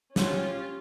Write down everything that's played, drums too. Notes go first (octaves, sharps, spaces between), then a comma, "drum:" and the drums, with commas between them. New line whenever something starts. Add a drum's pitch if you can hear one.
C#4 F4 G4, drum: snare